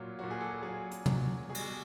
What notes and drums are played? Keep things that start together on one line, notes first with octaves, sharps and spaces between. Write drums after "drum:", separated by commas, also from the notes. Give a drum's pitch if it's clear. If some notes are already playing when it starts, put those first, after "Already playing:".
Already playing: A#2 F#3 F4
A#2 F#3 F#4
G#4
A4
A4
A#2 F#3 G#4
drum: hi-hat
A#2 F#3, drum: tom
B2 G#4
G3, drum: cymbal
G#4